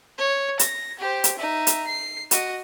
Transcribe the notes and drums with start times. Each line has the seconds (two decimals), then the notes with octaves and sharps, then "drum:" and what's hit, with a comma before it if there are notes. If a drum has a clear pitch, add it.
0.18 C#5
0.59 A#6, drum: hi-hat
0.99 G4 C5
1.24 drum: hi-hat
1.36 D#4 E5
1.67 drum: hi-hat
1.86 C7
2.31 F#4 D#5, drum: hi-hat